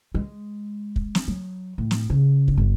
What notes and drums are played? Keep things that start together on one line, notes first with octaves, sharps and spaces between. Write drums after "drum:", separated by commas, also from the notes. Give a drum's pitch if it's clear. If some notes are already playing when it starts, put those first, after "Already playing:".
G#3
drum: kick
drum: snare
F#3
A2
drum: snare
C#3
drum: kick
G1